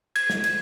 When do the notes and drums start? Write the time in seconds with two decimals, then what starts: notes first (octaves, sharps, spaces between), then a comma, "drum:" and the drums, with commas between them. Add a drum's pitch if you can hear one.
0.16 G#6, drum: cymbal
0.30 drum: snare
0.44 drum: cymbal